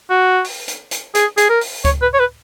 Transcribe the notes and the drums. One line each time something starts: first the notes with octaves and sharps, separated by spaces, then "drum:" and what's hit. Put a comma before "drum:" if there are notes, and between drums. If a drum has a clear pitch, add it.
F#4
drum: open hi-hat
drum: hi-hat
drum: hi-hat
G#4, drum: hi-hat
G#4, drum: hi-hat
A#4
drum: open hi-hat
C#5, drum: kick C#2, hi-hat
B4
C#5
B4